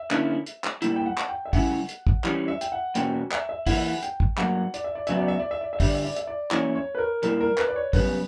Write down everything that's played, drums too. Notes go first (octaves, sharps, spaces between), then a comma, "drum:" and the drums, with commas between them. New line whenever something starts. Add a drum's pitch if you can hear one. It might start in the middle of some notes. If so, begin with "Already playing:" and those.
Already playing: E5
D3 A#3 C#4 E4, drum: clap
drum: hi-hat
drum: clap
A#2 G3 A#3 E4, drum: hi-hat
G5
F#5
drum: clap
G5
E5
C#3 G3 C#4 E4 F#5, drum: kick, open hi-hat
drum: hi-hat
drum: kick
E3 G3 C#4, drum: clap
E5
G5, drum: hi-hat
F#5
E2 B2 A#3 C#4 F#4 G5, drum: hi-hat
E5, drum: clap
E5
E3 A#3 E4 F#5, drum: kick, open hi-hat
E5
F#5
G5, drum: hi-hat
drum: kick
G2 F#3 A#3 F#5, drum: clap
D5, drum: hi-hat
E5
D5
C#3 F#3 B3 F#4 E5, drum: hi-hat
D5
E5
D5
E5
D5
E5
G2 D3 G3 D5, drum: kick, open hi-hat
E5
D5
E5, drum: hi-hat
D5
E3 A#3 C#4 E4 C#5, drum: clap
C#5
B4
A#4
A#2 G3 A#3 E4 A#4, drum: hi-hat
A#4
B4, drum: clap
D5
C#5
F#2 C#3 G3 B3 B4, drum: kick, open hi-hat